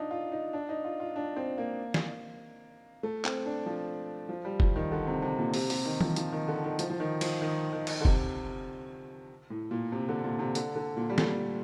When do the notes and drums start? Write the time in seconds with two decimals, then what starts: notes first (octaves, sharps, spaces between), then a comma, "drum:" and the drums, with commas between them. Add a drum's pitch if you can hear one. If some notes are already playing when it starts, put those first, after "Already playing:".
Already playing: D4 D#4 F4
0.11 F4
0.32 D#4
0.53 D4
0.69 D#4
0.84 F4
1.00 F4
1.16 D4
1.36 C4
1.58 A#3
1.94 drum: snare
3.03 A3
3.24 C4, drum: clap
3.46 D4
3.66 F3
4.29 F3
4.45 G3
4.60 F3, drum: kick F#1
4.76 D#3
4.92 D3
5.07 C3
5.22 C3
5.38 A#2
5.54 C3, drum: open hi-hat
5.70 C3, drum: open hi-hat
5.85 D#3
6.01 F3, drum: tom
6.16 F3, drum: hi-hat
6.32 D#3
6.48 D3
6.64 D#3
6.79 F3, drum: hi-hat
6.90 F3
7.00 D#3
7.21 F3, drum: cymbal
7.42 D#3
7.73 D#3
7.87 drum: cymbal
8.01 D3
8.05 C3, drum: kick F#1
9.50 A2
9.71 A#2
9.92 C3
10.08 D3
10.24 A#2
10.39 C3
10.55 D3, drum: hi-hat
10.75 D3
10.97 A#2
11.10 G3
11.18 A3, drum: snare